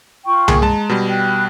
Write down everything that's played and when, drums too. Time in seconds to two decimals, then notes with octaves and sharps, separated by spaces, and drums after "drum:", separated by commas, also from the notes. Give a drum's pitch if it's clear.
0.25 F4 G5 C#6
0.48 A#3 G#4, drum: tom C2
0.62 G#3 A5 A#5
0.89 B2 G3
1.08 G5 F#6